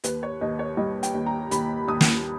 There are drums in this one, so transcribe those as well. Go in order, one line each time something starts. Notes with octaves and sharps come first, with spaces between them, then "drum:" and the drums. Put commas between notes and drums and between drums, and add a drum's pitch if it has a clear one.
D#2 B4, drum: hi-hat
C#5
D#2 D#5
C#5
G3 D#5
G5, drum: hi-hat
D#2
A#5
D#2 B5, drum: hi-hat
D#2 D#6
drum: snare